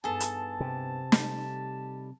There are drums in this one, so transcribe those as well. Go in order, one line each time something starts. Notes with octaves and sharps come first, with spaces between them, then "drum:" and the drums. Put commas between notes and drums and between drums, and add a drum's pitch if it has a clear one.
G2 B3 D#4 G#4 A4 A5
drum: hi-hat
C3
G3 A3 D#4, drum: snare